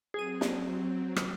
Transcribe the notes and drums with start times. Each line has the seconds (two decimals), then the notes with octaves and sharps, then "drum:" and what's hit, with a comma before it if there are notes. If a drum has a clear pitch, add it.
0.14 F#3 C4 G#4 D#7
0.41 drum: snare
1.16 drum: rim click